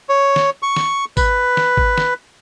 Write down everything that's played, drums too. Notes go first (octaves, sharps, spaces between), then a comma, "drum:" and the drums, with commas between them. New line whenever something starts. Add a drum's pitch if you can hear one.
C#5
drum: snare
C#6
drum: snare
B4, drum: kick G#1, tambourine
drum: snare
drum: kick G#1
drum: snare